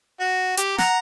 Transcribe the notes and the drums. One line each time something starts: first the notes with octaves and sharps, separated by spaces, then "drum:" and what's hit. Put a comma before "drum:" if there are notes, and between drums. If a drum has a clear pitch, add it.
F#4
G4, drum: hi-hat
F#5 A#5, drum: snare